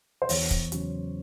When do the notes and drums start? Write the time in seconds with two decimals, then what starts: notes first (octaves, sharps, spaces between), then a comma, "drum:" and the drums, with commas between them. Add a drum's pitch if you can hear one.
0.22 C5
0.29 E2 C#5, drum: open hi-hat
0.50 drum: kick, hi-hat
0.72 C#3 F#3, drum: hi-hat